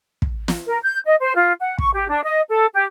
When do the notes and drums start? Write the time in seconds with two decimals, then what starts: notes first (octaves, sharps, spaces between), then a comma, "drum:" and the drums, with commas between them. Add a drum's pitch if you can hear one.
0.22 drum: kick
0.48 drum: snare
0.67 A#4
0.82 G6
1.06 D#5
1.20 C5
1.36 F4
1.60 F#5
1.79 C#6, drum: kick
1.94 G4
2.09 D4
2.24 D#5
2.49 A4
2.74 G4